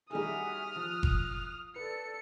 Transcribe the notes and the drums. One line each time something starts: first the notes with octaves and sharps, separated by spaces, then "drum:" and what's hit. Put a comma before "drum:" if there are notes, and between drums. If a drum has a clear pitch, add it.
G3 D#4 F#4 G#4 E5 G#5 D#6 F6
F3 F#6
drum: kick F#1
A4 B4 D5 C#7